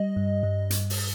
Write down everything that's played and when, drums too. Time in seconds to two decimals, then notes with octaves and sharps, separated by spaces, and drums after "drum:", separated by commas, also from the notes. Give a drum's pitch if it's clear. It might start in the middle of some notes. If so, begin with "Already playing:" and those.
Already playing: G3 D#5
0.16 G2
0.43 G2
0.70 G2, drum: hi-hat
0.90 drum: open hi-hat